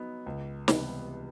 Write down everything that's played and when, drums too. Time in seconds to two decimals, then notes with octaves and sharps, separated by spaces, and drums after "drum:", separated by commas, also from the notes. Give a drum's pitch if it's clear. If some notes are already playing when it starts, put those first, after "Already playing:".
Already playing: F#3 B3 D#4
0.26 C#2
0.68 C3 E3 G3 B3, drum: snare